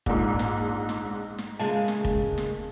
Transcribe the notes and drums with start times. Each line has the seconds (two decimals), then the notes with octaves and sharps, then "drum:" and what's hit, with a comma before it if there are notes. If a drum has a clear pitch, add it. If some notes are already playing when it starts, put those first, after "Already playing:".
0.06 A#1 G#2, drum: kick
0.39 drum: snare
0.89 drum: snare
1.38 drum: snare
1.60 C#3 G#3 A#3 A5
1.88 drum: snare
2.05 drum: kick
2.38 drum: snare